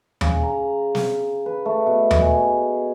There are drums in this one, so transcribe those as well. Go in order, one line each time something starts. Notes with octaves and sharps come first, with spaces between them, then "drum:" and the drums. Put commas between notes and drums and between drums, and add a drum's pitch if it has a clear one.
C#3, drum: tom D#2
A#5
drum: snare
B4
A3
B2
drum: tom D#2
G#4